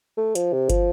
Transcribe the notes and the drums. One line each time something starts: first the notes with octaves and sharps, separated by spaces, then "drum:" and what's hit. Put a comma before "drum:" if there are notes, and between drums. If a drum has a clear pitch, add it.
A3
F3, drum: hi-hat
C3
F3, drum: kick, hi-hat